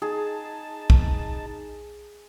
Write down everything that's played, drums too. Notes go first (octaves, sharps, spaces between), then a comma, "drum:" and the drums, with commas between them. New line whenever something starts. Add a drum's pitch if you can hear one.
D#4 G#4 A5
drum: kick A#1